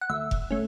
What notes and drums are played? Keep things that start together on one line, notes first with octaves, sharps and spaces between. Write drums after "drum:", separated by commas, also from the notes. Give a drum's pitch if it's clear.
F#5
D2 E5
drum: kick F1
A3 C#4